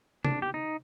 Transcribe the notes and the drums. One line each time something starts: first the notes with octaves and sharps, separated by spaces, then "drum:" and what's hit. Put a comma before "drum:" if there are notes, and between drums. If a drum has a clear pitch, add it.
D4, drum: tom C3
G4
D#4